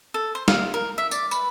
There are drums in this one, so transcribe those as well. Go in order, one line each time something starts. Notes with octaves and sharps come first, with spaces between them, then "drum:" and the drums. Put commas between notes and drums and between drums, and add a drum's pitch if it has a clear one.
A4
C5
F5, drum: snare
A#4
E5
D5, drum: tambourine
B4, drum: tambourine